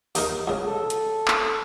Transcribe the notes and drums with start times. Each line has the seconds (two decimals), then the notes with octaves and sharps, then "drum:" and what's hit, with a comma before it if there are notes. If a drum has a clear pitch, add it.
0.15 D#2 D#4 A#4, drum: open hi-hat
0.47 C#2 C#3
0.66 A4
0.90 drum: hi-hat
1.28 drum: clap